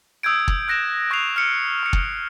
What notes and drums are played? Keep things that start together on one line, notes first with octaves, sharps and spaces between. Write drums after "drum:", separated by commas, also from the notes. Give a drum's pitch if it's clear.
D#6 E6 G6 G#6 D7
drum: kick
E6 F#6 A#6 D7 E7
C#6 F#6 A#6 C7 F7
F6 C#7 D7
C#6 C#7
drum: kick